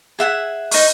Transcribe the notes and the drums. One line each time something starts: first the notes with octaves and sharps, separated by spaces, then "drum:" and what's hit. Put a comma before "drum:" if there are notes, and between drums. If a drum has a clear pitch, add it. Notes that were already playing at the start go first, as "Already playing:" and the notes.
G#4 E5 F#5 G#5
D#4 C#6, drum: open hi-hat